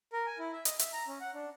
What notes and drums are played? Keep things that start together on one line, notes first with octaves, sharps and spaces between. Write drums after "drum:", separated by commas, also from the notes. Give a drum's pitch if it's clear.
A#4
G#5
E4
E5
D#5, drum: hi-hat
E5, drum: hi-hat
A#5
C#4
F#5
D4